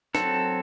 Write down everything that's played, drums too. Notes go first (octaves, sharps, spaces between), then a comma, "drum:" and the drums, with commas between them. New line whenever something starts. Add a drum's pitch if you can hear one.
F#3 C4 A4, drum: snare